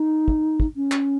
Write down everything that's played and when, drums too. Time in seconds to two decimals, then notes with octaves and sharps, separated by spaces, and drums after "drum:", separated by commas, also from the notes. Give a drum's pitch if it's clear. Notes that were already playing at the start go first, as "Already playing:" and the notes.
Already playing: D#4
0.28 drum: kick
0.60 drum: kick
0.76 C#4
0.92 drum: clap